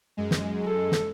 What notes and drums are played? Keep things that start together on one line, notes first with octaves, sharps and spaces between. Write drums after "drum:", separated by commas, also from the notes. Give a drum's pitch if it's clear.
F#2 G#3
drum: snare
A4
drum: snare